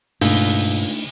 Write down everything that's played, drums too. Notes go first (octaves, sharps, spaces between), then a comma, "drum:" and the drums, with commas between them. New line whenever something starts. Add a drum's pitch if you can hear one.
C#2 G2 B2 A3 A#3 D4 D#4, drum: open hi-hat